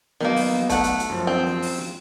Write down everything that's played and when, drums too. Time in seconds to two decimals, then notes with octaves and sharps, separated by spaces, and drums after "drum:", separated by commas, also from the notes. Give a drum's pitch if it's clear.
0.20 D#3 F#3 A#3 B3 D#4, drum: snare
0.36 drum: open hi-hat
0.52 drum: snare
0.69 A3 F#5, drum: kick, hi-hat
0.84 drum: hi-hat
0.99 drum: hi-hat
1.10 F#2 F3
1.27 C4
1.47 drum: snare
1.62 drum: open hi-hat
1.78 drum: snare